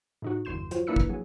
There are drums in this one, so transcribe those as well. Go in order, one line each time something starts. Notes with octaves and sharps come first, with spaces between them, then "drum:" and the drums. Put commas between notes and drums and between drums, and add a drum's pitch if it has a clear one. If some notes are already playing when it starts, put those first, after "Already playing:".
A2 D#4 F#4
G1 E2 C6 G6 E7
F#3 F4 C5, drum: hi-hat
A#3 D4 E4 B4 E6 C#7
drum: kick
F#3 G#4